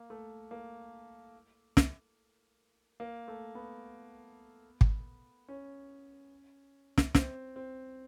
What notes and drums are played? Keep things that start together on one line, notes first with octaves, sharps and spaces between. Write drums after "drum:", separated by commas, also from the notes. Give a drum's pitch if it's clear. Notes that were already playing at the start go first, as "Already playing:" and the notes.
Already playing: A#3
A3
A#3
drum: snare
A#3
A3
B3
drum: kick
C#4
drum: snare
C4, drum: snare
C4